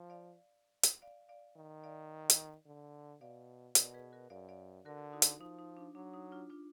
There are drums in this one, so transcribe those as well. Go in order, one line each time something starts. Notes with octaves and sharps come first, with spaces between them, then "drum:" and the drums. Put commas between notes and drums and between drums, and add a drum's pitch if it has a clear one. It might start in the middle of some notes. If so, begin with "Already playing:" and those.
Already playing: F3
D5 F5
drum: hi-hat
D5 F5
D5 F5
D#3
D5 F5
drum: hi-hat
D3
B2 D5 F5
B2 A#4 D5, drum: hi-hat
G#4 B4
F#4 A#4
F#2 D5 F5
D5 F5
D3 F#4 A#4
D#4 F#4
drum: hi-hat
F3 D#4
D#4
D4
F#3 D4
D#4
D4 F4
D4 F4